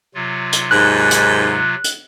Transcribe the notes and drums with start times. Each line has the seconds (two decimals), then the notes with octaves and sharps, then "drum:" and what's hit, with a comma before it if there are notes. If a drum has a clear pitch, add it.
0.15 C3 F#3 F4
0.52 drum: hi-hat
0.71 D#2 G#2 F#6
1.11 drum: hi-hat
1.84 drum: hi-hat